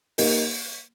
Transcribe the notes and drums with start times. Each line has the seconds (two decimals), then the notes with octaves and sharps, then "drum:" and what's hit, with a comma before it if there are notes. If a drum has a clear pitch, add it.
0.18 A#3 D#4 G4 A#4, drum: open hi-hat